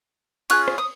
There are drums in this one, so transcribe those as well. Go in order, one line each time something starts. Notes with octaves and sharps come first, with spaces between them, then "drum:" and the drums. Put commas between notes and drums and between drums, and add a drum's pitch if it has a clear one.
C#4 F4 G#4 F#6, drum: cymbal
drum: rim click
D#6